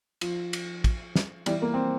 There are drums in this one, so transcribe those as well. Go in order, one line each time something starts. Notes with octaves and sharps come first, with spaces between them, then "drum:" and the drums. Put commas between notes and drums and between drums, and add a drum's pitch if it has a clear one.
F3, drum: cymbal
drum: cymbal
drum: kick, cymbal
drum: snare
E3 G3, drum: cymbal
A#3
C4